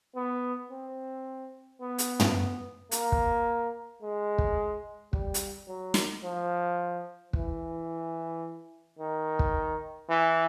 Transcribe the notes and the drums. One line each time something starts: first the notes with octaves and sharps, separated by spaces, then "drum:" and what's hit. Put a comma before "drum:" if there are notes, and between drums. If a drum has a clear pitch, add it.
B3
C4
B3
drum: hi-hat
drum: tom
A#3, drum: hi-hat
drum: kick
G#3
drum: kick
G3, drum: kick
drum: hi-hat
F#3
drum: snare
F3
E3, drum: kick
D#3
drum: kick
E3